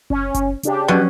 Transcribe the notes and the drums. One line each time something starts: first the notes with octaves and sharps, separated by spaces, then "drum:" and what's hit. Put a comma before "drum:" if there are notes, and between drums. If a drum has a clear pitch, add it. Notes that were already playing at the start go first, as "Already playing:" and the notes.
C#4, drum: kick F#1
drum: kick F#1, hi-hat
C#3 D4 G4, drum: hi-hat
B2 F#3 C#4